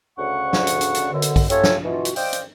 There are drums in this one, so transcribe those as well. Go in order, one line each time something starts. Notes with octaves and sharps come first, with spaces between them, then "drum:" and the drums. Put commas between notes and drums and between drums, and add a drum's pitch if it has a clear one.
D2 C#3 F#5 C#6
drum: snare
drum: hi-hat
drum: hi-hat
drum: hi-hat
F#2 B2 D3
drum: hi-hat
drum: kick A#1, open hi-hat
A3 C#4 F4 G4 A4 C#5, drum: hi-hat
drum: snare
B2 E3 F4 F#4
drum: hi-hat
C5 D5 D#5 F5 G5, drum: open hi-hat
drum: hi-hat